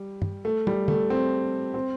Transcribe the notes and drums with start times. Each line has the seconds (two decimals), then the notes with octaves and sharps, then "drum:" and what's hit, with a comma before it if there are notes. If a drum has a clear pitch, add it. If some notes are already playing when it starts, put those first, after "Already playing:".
Already playing: G3
0.22 drum: tom
0.45 A3
0.67 G3, drum: tom
0.88 A3, drum: tom
1.10 C4
1.74 C4